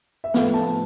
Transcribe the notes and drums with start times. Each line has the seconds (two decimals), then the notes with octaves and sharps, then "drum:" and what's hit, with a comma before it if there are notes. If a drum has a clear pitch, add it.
0.24 E5
0.34 A2 F3 B3 F5, drum: snare
0.54 A5